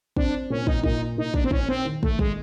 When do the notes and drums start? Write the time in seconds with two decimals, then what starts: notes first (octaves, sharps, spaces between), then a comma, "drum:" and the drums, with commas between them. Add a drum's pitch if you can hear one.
0.16 C4 D4, drum: kick
0.50 A#2 C#4
0.67 D#4, drum: kick
0.83 A#2 D#4, drum: kick
1.17 A#2 D#4
1.34 D4, drum: kick
1.44 C4
1.51 C#4 D#4, drum: kick
1.69 C4
1.85 D#3
2.03 A3, drum: kick
2.19 G#3, drum: kick